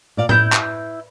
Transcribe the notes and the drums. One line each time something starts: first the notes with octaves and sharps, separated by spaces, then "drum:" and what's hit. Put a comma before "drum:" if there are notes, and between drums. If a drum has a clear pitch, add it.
A#2 D5 F5
E4 B4 G6, drum: tom A2
drum: clap